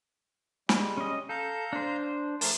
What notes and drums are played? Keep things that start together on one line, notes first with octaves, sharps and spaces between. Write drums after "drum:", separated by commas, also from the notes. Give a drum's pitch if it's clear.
G3 G#3, drum: snare
C#4 D#5
A4 F5 A#5 G6
D4 C5
F3 A3 A#4 A5, drum: open hi-hat